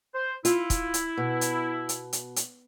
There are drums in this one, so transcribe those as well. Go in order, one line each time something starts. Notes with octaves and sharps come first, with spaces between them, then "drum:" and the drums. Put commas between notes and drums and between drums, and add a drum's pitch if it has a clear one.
C5
E4 F4, drum: hi-hat
drum: kick, hi-hat
drum: hi-hat
B2
drum: hi-hat
drum: hi-hat
drum: hi-hat
drum: hi-hat